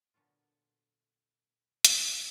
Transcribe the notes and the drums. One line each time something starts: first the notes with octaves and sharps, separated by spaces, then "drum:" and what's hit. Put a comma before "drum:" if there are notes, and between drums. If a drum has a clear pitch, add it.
A#2 D3 F#3 B3 F4
drum: hi-hat